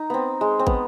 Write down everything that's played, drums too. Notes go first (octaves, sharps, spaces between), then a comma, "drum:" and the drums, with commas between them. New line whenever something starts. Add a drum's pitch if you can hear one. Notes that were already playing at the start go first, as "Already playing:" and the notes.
Already playing: D#4
B3 C4
G#3
C4
B3, drum: kick